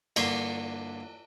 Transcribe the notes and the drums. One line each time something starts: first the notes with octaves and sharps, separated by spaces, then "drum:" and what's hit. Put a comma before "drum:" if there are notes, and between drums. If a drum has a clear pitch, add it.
G2 D3 A#3 C6 C#6, drum: cymbal